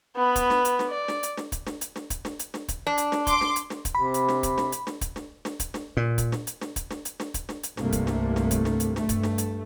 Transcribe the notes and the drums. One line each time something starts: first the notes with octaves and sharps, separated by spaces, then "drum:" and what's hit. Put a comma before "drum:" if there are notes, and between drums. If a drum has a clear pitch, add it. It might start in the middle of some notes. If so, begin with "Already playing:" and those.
B3 B5
drum: kick, hi-hat
drum: snare
drum: hi-hat
drum: snare
D5
drum: snare
drum: hi-hat
drum: snare
drum: kick, hi-hat
drum: snare
drum: hi-hat
drum: snare
drum: kick, hi-hat
drum: snare
drum: hi-hat
drum: snare
drum: kick, hi-hat
D4
drum: hi-hat
drum: snare
C6 D6, drum: kick, hi-hat
drum: snare
drum: hi-hat
drum: snare
drum: kick, hi-hat
C3 B5
drum: hi-hat
drum: snare
drum: kick, hi-hat
drum: snare
drum: hi-hat
drum: snare
drum: kick, hi-hat
drum: snare
drum: snare
drum: kick, hi-hat
drum: snare
A#2
drum: kick, hi-hat
drum: snare
drum: hi-hat
drum: snare
drum: kick, hi-hat
drum: snare
drum: hi-hat
drum: snare
drum: kick, hi-hat
drum: snare
drum: hi-hat
C2 G2 C3 A3 A#3, drum: snare
drum: kick, hi-hat
drum: snare
drum: snare
drum: kick, hi-hat
drum: snare
drum: hi-hat
G2 A3, drum: snare
drum: kick, hi-hat
drum: snare
drum: hi-hat